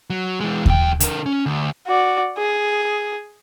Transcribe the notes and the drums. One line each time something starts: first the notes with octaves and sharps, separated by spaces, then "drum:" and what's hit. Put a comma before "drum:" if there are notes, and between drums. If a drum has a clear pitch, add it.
F#3
E3 G#3
F2 G5, drum: kick D#2
D3 A#4, drum: hi-hat
C#4
D2
F#4 D5
G#4